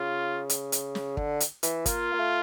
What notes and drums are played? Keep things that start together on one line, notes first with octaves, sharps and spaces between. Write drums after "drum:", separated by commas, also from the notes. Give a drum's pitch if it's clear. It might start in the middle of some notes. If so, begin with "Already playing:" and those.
Already playing: C#3 F4
drum: hi-hat
drum: hi-hat
drum: snare
D3, drum: kick
drum: hi-hat
E3, drum: hi-hat
A#3 F4, drum: kick, hi-hat
A#3
A3